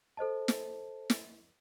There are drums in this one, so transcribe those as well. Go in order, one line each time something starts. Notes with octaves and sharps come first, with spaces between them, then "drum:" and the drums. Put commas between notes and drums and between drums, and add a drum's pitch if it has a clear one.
A4 C5 D#5 A5
drum: snare
drum: snare